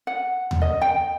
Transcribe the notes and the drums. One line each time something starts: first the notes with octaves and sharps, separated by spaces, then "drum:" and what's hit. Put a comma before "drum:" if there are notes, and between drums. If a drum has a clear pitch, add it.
F#5
drum: tom D#2
D#5
G5